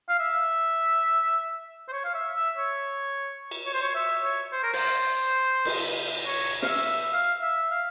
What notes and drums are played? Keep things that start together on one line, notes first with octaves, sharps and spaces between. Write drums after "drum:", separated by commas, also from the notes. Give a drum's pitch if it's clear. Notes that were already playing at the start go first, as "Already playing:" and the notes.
F5
E5
C5
C#5
F5
E5
E5
C#5
drum: cymbal
C#5
C5
C#5
E5
C#5
C5
A#4
C5, drum: open hi-hat
drum: cymbal
C#5
F5, drum: snare
E5
F5
E5
F5